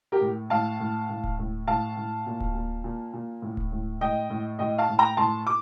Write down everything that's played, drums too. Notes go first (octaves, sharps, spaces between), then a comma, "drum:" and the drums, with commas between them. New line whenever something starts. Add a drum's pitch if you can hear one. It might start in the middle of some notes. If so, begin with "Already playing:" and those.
G4 A#4
A2
A2 F5 A5
A2
A2
drum: kick D1
A2
A2 F5 A5
A2
A#2
drum: kick D1
A#2
A#2
A#2
A2
drum: kick D1
A2
A2 D#5 G5
A2
A2 D#5 G5
F5 A5
A2
G5 A#5
A2 A5 C6
D6